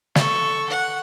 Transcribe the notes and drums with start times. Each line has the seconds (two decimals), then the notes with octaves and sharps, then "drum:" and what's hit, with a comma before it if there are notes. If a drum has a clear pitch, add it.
0.15 A4 C#6, drum: snare
0.69 F#5